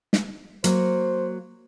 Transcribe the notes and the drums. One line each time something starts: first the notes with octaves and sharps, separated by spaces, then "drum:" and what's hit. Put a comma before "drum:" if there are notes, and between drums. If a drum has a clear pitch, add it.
drum: snare
F#3 A#3 C5, drum: hi-hat